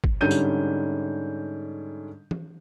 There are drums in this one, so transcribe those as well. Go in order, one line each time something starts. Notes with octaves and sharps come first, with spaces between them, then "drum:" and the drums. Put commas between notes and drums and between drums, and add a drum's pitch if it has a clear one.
drum: kick G#1
G#2 D3 G3 C#4 G6 D#7
drum: tambourine
drum: tom E3